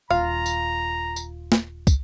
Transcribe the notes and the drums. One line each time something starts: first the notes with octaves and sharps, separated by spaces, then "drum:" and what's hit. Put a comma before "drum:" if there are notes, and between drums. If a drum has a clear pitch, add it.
D#1 F4 F5 A#5
drum: tambourine
drum: tambourine
drum: snare
drum: kick, tambourine